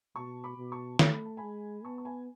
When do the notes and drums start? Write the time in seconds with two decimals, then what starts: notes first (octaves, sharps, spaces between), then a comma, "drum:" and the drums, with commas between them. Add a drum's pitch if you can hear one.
0.16 B2 A5 C#6
0.44 B5 D6
0.57 B2
0.72 A5 C#6
0.99 A3 C#6, drum: snare
1.12 B5
1.25 A5
1.37 G#3 G#5 B5
1.85 B3 A5 C#6
1.98 C#6
2.05 G#5 B5